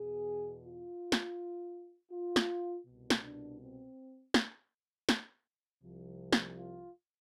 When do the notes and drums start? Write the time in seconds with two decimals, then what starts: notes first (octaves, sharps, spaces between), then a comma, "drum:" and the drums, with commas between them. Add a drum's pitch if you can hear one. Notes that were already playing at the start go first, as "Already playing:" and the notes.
Already playing: E2 B2 G#4
0.63 F4
1.12 drum: snare
2.12 F4
2.36 drum: snare
2.86 C2 B2
3.10 drum: snare
3.22 D4
3.60 C4
4.34 drum: snare
5.09 drum: snare
5.84 C2 C3 F3
6.33 drum: snare
6.57 F4